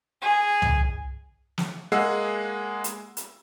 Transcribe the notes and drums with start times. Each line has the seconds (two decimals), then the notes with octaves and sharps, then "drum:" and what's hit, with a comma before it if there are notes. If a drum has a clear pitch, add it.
0.21 G#4
0.62 drum: tom C2
1.58 drum: snare
1.92 G#3 A#3 G#4 F#5 E6 C7
2.84 drum: hi-hat
3.17 drum: hi-hat